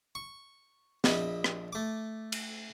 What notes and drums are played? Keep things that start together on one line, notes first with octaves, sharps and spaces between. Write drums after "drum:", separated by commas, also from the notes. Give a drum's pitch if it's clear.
C#6
A#1 D#5 E5 B5, drum: snare
drum: rim click
A3 D6
drum: cymbal